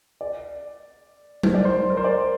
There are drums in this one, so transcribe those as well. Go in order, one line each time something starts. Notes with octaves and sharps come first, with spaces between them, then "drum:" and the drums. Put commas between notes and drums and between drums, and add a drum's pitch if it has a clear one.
D5
C5, drum: tom F#3
D5
C5
A#4
C5
D5